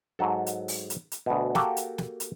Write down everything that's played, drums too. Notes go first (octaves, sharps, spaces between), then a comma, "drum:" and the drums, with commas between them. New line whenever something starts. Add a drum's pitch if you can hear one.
G#2 F#3 A4
drum: hi-hat
drum: open hi-hat
drum: hi-hat
drum: hi-hat
D2 B2
A#3 F#4 G4 A4, drum: snare
drum: hi-hat
drum: snare
drum: hi-hat